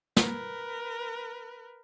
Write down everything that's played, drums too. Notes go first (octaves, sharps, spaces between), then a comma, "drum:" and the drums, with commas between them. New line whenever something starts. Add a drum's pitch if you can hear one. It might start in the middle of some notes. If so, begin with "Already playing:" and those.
A#4 B4, drum: snare